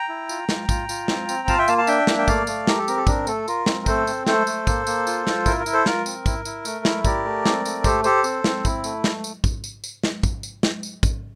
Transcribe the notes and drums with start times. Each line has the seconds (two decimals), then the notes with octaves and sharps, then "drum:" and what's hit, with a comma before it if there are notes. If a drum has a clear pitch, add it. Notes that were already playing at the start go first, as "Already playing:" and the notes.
Already playing: G5 A#5
0.09 E4
0.29 F4, drum: tambourine
0.49 F4, drum: snare
0.69 F4, drum: kick, tambourine
0.89 F4, drum: tambourine
1.08 C4, drum: snare
1.29 C4, drum: tambourine
1.48 F4 F5 A5, drum: kick, tambourine
1.58 E5 G5
1.68 A#3 F5 A5, drum: tambourine
1.78 F5 A5
1.87 D4 E5 G5, drum: tambourine
2.07 A#3, drum: snare
2.18 G5
2.28 A3 D5 F5, drum: kick, tambourine
2.47 A3, drum: tambourine
2.67 G4 A#4, drum: snare
2.78 A4
2.88 C4 A#4, drum: tambourine
2.97 A4
3.07 D4 A#4, drum: kick, tambourine
3.27 A3 A4, drum: tambourine
3.48 F4 A#4, drum: tambourine
3.66 C4, drum: snare
3.86 A3 A4 C5, drum: kick, tambourine
4.07 C4, drum: tambourine
4.27 A3 A4 C5, drum: snare
4.47 A3, drum: tambourine
4.67 A#3, drum: kick, tambourine
4.87 A#3, drum: tambourine
5.07 F4, drum: tambourine
5.27 F4, drum: snare
5.46 E4 A#4, drum: kick, tambourine
5.60 A#4
5.66 E4, drum: tambourine
5.73 A4 C5
5.86 F4 A#4, drum: snare
6.06 C4, drum: tambourine
6.26 E4, drum: kick, tambourine
6.45 E4, drum: tambourine
6.65 A3, drum: tambourine
6.85 E4, drum: snare
7.05 G4 A#4 D5, drum: kick, tambourine
7.25 A3
7.46 C4, drum: snare
7.65 A3, drum: tambourine
7.84 G4 A4 C5, drum: kick, tambourine
8.04 G4 A4 C5, drum: tambourine
8.24 C4, drum: tambourine
8.44 C4, drum: snare
8.65 E4, drum: kick, tambourine
8.84 A3, drum: tambourine
9.04 drum: snare
9.24 drum: tambourine
9.44 drum: kick, tambourine
9.64 drum: tambourine
9.84 drum: tambourine
10.04 drum: snare
10.23 drum: kick, tambourine
10.43 drum: tambourine
10.63 drum: snare
10.83 drum: tambourine
11.03 drum: kick, tambourine